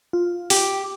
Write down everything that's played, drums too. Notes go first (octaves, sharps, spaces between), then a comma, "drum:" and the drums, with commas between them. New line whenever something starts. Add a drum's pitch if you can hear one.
F4
G4, drum: open hi-hat